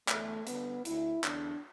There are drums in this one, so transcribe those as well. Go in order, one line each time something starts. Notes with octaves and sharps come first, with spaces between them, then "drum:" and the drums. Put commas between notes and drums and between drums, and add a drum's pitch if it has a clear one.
E2 D3 A3, drum: clap
G1 G2 D3 B3, drum: hi-hat
D2 D3 E4, drum: hi-hat
E2 D3 D4, drum: clap